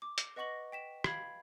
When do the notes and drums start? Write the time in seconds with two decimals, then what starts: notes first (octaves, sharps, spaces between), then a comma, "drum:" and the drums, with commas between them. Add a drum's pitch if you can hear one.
0.02 D6
0.18 G7, drum: hi-hat
0.36 B4 D#5 F#5 C#6 A#6 F#7
0.72 G5 B6 E7
1.04 F5 B5 G#6 C7 D7, drum: rim click